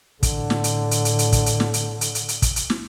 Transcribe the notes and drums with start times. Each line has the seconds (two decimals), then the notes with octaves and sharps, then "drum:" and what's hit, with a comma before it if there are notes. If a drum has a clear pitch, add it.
0.23 A2 D3, drum: kick, hi-hat
0.50 drum: snare
0.64 drum: hi-hat
0.91 drum: hi-hat
1.05 drum: hi-hat
1.19 drum: hi-hat
1.32 drum: kick, hi-hat
1.46 drum: hi-hat
1.60 drum: snare
1.74 drum: hi-hat
2.01 drum: hi-hat
2.15 drum: hi-hat
2.29 drum: hi-hat
2.42 drum: kick, hi-hat
2.56 drum: hi-hat
2.70 drum: snare